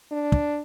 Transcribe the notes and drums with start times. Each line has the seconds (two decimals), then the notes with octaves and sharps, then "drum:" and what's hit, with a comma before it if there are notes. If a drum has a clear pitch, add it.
0.12 D4
0.32 drum: kick